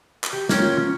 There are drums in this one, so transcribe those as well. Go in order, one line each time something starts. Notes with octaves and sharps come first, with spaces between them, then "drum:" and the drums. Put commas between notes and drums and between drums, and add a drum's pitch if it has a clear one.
drum: clap
G4
A#3 C#4 G5, drum: snare
F4 G#6
C#4